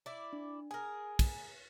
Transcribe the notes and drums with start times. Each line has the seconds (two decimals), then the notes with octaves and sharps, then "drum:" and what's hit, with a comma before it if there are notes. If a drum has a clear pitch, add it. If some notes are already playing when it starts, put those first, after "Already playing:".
0.06 E4 D5
0.33 D4
0.71 G#4 A#4 G#5
1.19 drum: kick, cymbal